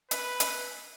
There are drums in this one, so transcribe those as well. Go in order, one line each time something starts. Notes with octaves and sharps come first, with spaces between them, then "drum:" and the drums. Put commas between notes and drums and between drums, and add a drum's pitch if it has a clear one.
B4, drum: hi-hat
drum: hi-hat